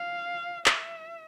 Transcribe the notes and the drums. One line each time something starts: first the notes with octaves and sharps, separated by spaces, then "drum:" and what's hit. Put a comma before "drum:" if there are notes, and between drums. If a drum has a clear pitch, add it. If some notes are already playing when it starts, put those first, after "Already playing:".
Already playing: F5
E5, drum: clap